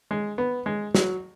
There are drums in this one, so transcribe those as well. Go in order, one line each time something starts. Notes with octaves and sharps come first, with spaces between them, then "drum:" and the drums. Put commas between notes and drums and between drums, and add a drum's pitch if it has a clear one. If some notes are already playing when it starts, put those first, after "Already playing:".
G#3
B3
G#3
F#3, drum: snare